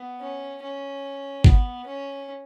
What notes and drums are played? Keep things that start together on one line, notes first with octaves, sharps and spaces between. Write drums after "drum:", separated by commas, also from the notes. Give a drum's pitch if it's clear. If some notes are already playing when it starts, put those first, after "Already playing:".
Already playing: B3
C#4
C#4
B3, drum: kick G1
C#4